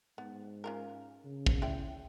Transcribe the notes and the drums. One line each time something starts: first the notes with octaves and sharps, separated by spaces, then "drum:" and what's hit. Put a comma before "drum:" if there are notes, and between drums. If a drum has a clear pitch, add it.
G#2 B3
C#4 F4 A#4
C#3
drum: kick
E4 D5 G5